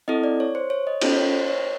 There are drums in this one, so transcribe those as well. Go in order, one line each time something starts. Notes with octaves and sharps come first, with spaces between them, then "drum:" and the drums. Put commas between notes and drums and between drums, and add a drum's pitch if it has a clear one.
C4 E4 A4 D#5
D5
C#5
C5
C#5
D#5
C#4 F4 A4 C5, drum: cymbal
C#5
C5
C#5